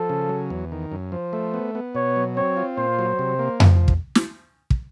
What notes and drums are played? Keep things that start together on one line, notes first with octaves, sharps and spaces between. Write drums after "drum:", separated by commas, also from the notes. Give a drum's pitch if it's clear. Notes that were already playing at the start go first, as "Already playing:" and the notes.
Already playing: F3 A4
C#3
F#3
E2
D#3
F#2
F3 C5
A3
B3
B3
B2 C#5
F#3
C4 C#5
F4
A#2 C5
F#3
C3
A#3
F3, drum: tom F2
drum: kick
drum: snare
drum: kick